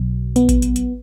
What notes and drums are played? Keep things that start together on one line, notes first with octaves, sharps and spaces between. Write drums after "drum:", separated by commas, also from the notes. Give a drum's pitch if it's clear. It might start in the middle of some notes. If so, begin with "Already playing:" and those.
Already playing: B1 B2 F#3
B3, drum: hi-hat
drum: kick A1, hi-hat
drum: hi-hat
drum: hi-hat